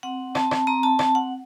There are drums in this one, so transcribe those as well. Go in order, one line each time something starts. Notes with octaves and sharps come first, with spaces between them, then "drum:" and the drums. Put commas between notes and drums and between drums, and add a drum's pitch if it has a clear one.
C4 F#5
C4 A5, drum: rim click
drum: rim click
C4 A#5
A5
C4 A5, drum: rim click
F#5